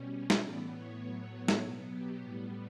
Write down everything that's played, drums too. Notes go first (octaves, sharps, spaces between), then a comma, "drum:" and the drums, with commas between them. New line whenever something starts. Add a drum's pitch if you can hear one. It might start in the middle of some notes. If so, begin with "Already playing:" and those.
Already playing: B2 G3 C#4
drum: snare
A2 E3 B3 D5
C#5
A2 F#3 B3 C#5
drum: snare
B2 F#3 B3
G4
A2 G3 B3 G4